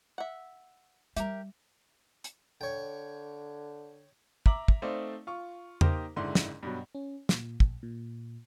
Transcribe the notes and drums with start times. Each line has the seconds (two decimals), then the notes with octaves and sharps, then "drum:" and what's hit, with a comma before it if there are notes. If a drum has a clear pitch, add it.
0.18 E5 F#5
1.16 G3 G4 A#4 E5, drum: hi-hat
2.24 drum: hi-hat
2.61 D3 C#5 G5
4.46 E5 A#5 D6 F#7, drum: kick
4.68 drum: kick
4.82 A3 C4 D#4 C5 D5 F5
5.27 F4 C#6
5.81 A#3 D#4 G4 A#4 C5, drum: tom E2
6.16 F#1 G#2 D3 E4 C6
6.35 drum: snare
6.63 G2 B2 F#3
6.95 C#4
7.29 A#2, drum: snare
7.60 A#1, drum: kick
7.83 A#2